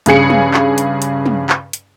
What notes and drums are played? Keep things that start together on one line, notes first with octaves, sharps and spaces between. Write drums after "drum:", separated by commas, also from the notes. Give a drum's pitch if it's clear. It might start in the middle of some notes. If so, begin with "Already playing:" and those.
G2 C#3 G#4 C#7, drum: hi-hat
drum: tom
drum: clap
drum: hi-hat
drum: hi-hat
drum: tom
drum: clap
drum: hi-hat